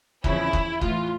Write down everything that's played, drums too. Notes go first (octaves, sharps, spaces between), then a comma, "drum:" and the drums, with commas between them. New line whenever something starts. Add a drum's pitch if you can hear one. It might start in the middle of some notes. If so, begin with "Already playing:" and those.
E2 C#3 F3 E4, drum: kick
drum: kick
A2 E3 F4, drum: kick